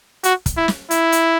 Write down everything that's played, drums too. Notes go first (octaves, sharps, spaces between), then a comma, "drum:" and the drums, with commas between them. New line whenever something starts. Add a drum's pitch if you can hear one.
F#4, drum: hi-hat
drum: kick, hi-hat
E4
drum: snare
E4, drum: hi-hat
drum: hi-hat